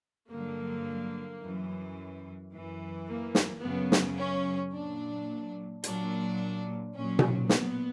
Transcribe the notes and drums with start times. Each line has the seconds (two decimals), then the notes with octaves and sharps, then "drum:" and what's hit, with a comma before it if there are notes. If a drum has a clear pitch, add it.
0.30 G2 D3 F#3 A#3
1.41 F#2 E3
2.52 F#2 E3
3.07 A#3
3.35 drum: snare
3.62 F#2 C#3 F#3 B3
3.92 drum: snare
4.18 C#4
4.73 A#2 F#3 D4
5.84 A#2 F#3 D4, drum: hi-hat
6.94 A#2 F#3 C#4
7.19 drum: tom B2
7.49 B3, drum: snare